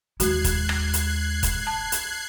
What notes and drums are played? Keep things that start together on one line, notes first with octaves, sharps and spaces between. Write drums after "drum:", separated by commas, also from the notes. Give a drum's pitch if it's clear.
D#2 G#3 F#4 F#6 G#6 C7, drum: hi-hat
drum: kick, hi-hat
drum: rim click
drum: hi-hat
drum: kick, hi-hat
A5
drum: hi-hat